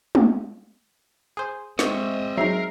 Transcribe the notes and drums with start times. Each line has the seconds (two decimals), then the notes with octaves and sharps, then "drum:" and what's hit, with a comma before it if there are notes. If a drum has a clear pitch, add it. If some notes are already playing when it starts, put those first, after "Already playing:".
0.15 drum: tom
1.37 G#4 C5
1.79 G#3 C4 D#5 E5 C#6, drum: snare
2.37 F#3 D#4 G#4 A#4 E5 C7